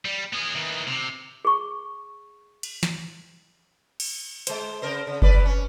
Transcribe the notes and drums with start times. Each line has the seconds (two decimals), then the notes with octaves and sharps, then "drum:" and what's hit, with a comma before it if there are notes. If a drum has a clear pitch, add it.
0.05 G3
0.33 B3 G#4
0.55 D#3 E3
0.87 C3
1.45 G#4 C#6
2.63 drum: cymbal
2.83 drum: snare
4.00 drum: cymbal
4.47 G#3 C5, drum: hi-hat
4.82 C#3 A#4 C5
5.07 C#3
5.22 E2 B4 D5, drum: kick F#1
5.46 C#4